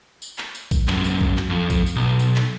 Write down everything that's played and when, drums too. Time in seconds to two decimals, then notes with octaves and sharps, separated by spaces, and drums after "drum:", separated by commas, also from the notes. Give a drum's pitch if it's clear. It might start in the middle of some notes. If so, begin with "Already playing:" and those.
0.22 drum: tambourine
0.38 drum: clap
0.55 drum: tambourine
0.71 drum: kick A#1, tambourine
0.88 C#2 F#2, drum: clap
1.04 drum: tambourine
1.21 drum: kick A#1
1.37 drum: clap
1.50 F2
1.70 drum: kick A#1, tambourine
1.86 drum: tambourine
1.96 B1
2.19 drum: tambourine
2.36 drum: clap